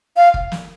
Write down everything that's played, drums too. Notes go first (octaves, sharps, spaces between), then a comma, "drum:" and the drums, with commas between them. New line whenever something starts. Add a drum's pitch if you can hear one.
F5
drum: kick
drum: snare